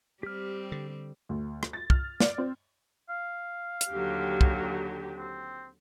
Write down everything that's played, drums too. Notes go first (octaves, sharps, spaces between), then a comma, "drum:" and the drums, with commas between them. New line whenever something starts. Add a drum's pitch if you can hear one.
G3 C4 G4 F6
D3
D2
drum: rim click
A6
F6, drum: kick
D5, drum: snare
C4
F5
drum: hi-hat
D#2 D3 F#3 G4
drum: kick
C4